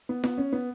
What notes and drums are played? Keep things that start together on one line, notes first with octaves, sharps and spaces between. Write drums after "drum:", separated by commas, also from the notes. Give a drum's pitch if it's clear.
B3
B3, drum: snare F4
C#4
B3